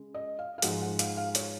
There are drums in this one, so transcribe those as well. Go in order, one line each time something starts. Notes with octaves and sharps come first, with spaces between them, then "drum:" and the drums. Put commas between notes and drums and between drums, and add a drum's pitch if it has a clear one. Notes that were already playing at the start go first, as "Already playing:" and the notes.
Already playing: C#3 G#3
D#5
F5
F5
G#2 F3 G#3 F#5, drum: hi-hat
F#5
F5, drum: hi-hat
F5
C#5, drum: hi-hat